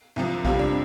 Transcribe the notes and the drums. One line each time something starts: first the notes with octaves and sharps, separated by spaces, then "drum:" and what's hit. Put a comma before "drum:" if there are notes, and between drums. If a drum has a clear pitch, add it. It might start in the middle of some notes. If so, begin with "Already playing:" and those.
C2 C3 F3
F2 C3 G3 F4, drum: kick A#1
D4